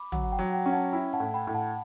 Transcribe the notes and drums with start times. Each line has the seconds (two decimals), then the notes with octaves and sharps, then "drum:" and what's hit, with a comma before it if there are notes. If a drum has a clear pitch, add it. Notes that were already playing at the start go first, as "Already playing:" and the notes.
Already playing: B5 D6
0.12 F#3 F#5, drum: tom
0.24 F#5
0.32 G5
0.39 F#3
0.53 G5
0.64 C#4 G5
0.72 F#5 A5
0.93 E4 G5
1.13 F#5 A5
1.20 A2
1.34 G5 B5
1.47 A2
1.54 F#5 A5